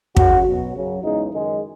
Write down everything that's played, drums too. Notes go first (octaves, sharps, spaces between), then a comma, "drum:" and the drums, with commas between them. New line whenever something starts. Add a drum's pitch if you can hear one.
F#2 C#3 F#3 F#4, drum: kick
B2 F#3
F#2 C#3 F#3
E2 C#3 E3 G#3 D#4
F#2 D#3 G#3